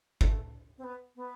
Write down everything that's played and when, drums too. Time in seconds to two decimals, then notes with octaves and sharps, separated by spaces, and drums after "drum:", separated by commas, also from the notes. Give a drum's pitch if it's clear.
0.21 A3, drum: kick
0.78 C4
0.84 B3
1.16 B3